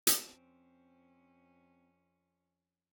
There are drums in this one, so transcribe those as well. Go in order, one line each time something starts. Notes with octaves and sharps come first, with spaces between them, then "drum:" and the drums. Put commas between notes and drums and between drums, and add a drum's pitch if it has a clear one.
drum: hi-hat
F2 C4 C#4